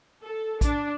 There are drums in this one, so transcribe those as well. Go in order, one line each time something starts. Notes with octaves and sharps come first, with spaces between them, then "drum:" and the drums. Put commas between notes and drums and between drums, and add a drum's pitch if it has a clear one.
A4
D4, drum: kick A#1, hi-hat